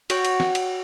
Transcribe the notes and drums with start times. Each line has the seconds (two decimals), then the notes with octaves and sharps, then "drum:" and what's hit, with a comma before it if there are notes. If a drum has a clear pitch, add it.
0.10 F#4 C#5 G5, drum: cymbal
0.25 drum: cymbal
0.40 drum: snare
0.55 drum: cymbal